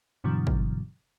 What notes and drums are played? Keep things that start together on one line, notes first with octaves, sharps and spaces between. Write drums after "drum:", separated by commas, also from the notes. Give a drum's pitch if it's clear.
G2 B2 D3 E3 F#3
drum: kick